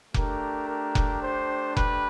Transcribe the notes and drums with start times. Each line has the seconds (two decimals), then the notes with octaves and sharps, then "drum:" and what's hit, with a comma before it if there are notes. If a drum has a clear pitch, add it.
0.14 A3 D4 G4 A#4, drum: kick F1
0.68 A#4
0.95 drum: kick F1
1.22 C5
1.77 B4, drum: kick F1